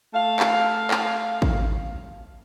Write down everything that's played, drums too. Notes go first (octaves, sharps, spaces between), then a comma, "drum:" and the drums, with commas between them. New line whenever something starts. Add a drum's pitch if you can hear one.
A3 F5
drum: clap
drum: clap
drum: kick